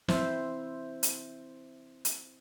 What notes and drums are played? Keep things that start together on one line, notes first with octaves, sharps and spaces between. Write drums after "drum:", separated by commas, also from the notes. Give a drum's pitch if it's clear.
C4 E4 C5 E5, drum: snare
drum: hi-hat
drum: hi-hat